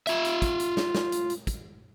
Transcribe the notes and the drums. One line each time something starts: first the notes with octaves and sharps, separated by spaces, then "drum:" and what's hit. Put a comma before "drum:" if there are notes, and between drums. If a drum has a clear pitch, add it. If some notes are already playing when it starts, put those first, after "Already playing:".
F4 E5, drum: hi-hat
drum: hi-hat
drum: kick, hi-hat
drum: hi-hat
drum: snare
drum: snare
drum: hi-hat
drum: hi-hat
drum: kick, hi-hat